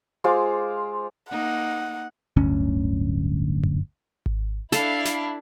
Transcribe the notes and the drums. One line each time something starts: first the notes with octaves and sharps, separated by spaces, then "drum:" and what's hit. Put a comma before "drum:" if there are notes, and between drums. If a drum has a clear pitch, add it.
G#3 F4 C5 D6
A#3 D#4 F#5
D1 G1 D2 C#4
drum: tom F#2
drum: kick G#1
D4 E4 A4 F5, drum: snare
drum: snare